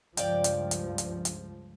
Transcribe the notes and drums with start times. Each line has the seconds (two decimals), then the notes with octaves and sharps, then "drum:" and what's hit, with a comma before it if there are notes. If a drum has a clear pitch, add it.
0.17 C#2 G2 F3 D5 F5 G5, drum: hi-hat
0.44 drum: hi-hat
0.71 drum: hi-hat
0.98 drum: hi-hat
1.25 drum: hi-hat